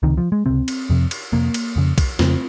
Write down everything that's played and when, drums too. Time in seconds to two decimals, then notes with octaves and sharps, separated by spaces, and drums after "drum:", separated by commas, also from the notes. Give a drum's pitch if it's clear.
0.03 C#2 C3 D#3
0.17 F3
0.32 G#3
0.46 C#2 C3 C4
0.68 drum: cymbal
0.90 F2 C3
1.11 drum: cymbal
1.32 F2 C3 A#3
1.54 drum: cymbal
1.76 F2 C#3
1.98 drum: kick, cymbal
2.19 F2 C#3 C4, drum: snare